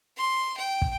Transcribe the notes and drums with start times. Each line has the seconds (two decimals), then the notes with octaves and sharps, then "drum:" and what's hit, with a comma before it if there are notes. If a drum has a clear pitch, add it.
0.17 C6
0.57 G5
0.82 drum: kick